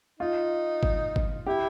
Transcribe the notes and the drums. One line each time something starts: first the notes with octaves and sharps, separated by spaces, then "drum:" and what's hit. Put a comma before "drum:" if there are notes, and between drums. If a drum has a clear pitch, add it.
D#4 F4
drum: kick
drum: kick
E4 G4